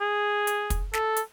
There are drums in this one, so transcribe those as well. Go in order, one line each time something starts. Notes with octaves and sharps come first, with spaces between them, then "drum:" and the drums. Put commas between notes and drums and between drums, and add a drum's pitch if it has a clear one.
G#4
drum: hi-hat
drum: kick, hi-hat
A4, drum: snare
drum: hi-hat